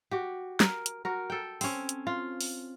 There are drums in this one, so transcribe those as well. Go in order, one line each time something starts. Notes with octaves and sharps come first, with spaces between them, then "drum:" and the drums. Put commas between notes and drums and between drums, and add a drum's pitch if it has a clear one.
F#4 G4
A#4, drum: snare
drum: hi-hat
F#4 A#4
A4 G5
C4 C#4, drum: open hi-hat
drum: hi-hat
F4
drum: open hi-hat